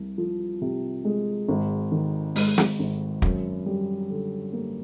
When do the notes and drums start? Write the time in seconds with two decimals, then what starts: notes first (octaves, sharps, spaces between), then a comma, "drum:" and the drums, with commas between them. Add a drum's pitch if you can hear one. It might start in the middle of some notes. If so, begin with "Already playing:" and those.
Already playing: C2
0.18 F3
0.62 C3
1.05 G#3
1.48 G#1
1.92 D#3
2.36 G#2, drum: open hi-hat
2.58 drum: snare
2.79 G#1
3.22 F#2, drum: kick
3.66 G3
4.10 D3
4.53 A#3